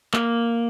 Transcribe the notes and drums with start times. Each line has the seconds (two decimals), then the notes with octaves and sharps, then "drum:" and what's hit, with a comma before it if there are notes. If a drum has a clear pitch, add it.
0.14 A#3, drum: clap